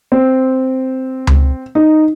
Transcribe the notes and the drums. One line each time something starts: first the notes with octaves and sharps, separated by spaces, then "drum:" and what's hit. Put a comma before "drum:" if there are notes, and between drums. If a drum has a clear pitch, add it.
C4
drum: tom C#2
D#4